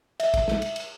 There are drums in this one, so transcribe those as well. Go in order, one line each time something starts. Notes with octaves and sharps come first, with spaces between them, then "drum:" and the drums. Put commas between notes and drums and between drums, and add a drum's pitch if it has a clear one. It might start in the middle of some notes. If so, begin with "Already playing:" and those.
E5, drum: cymbal
drum: kick, cymbal
drum: snare
drum: cymbal
drum: cymbal